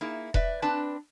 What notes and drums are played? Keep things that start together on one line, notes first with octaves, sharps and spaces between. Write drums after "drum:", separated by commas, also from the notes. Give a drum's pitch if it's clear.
A#3 D#4 E4 G#4
B4 D5 E5, drum: kick E1
C4 D4 B4 A5